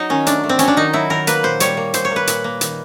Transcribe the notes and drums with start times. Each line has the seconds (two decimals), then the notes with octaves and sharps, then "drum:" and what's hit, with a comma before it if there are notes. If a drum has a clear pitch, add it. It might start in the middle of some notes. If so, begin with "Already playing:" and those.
Already playing: F#3 D#4
0.10 D#3 C#4
0.26 A3 D4, drum: hi-hat
0.44 A3
0.49 C4
0.59 F#3 C#4, drum: hi-hat
0.68 D4
0.77 D#3 D#4
0.93 F#3 E4
1.10 D#3 A#4
1.27 A#3 B4, drum: hi-hat
1.43 A#2 C5
1.60 G3 C#5, drum: hi-hat
1.77 A#3
1.94 A#2 C5, drum: hi-hat
2.05 C#5
2.11 A#3
2.16 B4
2.27 A#2, drum: hi-hat
2.44 A#3
2.61 D#3, drum: hi-hat